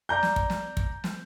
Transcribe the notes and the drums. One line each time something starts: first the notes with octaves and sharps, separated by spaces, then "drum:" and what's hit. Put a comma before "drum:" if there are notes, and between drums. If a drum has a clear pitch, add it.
D5 A#5 G6
drum: snare
drum: kick
drum: snare
drum: kick
drum: snare